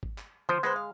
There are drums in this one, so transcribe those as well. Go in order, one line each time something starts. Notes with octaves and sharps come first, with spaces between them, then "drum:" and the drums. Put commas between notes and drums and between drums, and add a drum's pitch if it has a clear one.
drum: kick
drum: clap
F3 C5, drum: tom D3
G#3 B3 B4 C5
F5